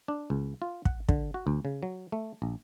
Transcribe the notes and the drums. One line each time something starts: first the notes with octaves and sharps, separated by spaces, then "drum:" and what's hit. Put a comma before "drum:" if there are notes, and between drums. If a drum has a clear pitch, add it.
D4
C#2
F4
F#5, drum: kick
D3, drum: kick
F#4
D2
C#3
F#3
A3
A#1